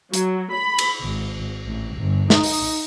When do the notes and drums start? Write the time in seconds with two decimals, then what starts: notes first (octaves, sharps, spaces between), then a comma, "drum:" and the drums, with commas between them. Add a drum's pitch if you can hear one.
0.14 F#3, drum: hi-hat
0.55 B5
0.78 drum: cymbal
1.03 G#1
1.65 A1
1.96 G1
2.30 D#4, drum: snare
2.43 drum: open hi-hat